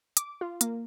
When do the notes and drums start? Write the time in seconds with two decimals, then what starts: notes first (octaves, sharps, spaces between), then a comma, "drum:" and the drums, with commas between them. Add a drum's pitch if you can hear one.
0.17 D6, drum: hi-hat
0.41 F4
0.61 A#3, drum: hi-hat